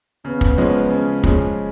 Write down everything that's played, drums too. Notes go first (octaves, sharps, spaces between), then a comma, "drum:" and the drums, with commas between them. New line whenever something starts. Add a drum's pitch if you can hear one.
C#3 B3
drum: kick
F3 G#3 C#4 G#4
C#3
F3 G#3 C#4 G#4, drum: kick